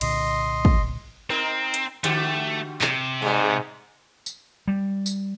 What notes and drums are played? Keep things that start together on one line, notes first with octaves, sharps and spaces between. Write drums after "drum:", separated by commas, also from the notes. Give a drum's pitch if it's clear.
C2 A#2 D3 D#5 C6, drum: cymbal
drum: kick
C4 D#4 A#4
drum: hi-hat
D3 A3 F#4 G4, drum: hi-hat
C3, drum: clap
G#2 G3 G#3
drum: tambourine
G3
drum: tambourine